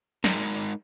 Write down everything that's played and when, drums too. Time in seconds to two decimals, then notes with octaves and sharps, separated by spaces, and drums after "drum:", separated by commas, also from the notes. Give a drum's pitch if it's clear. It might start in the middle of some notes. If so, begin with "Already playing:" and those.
0.24 G#3 D#4 A#4, drum: snare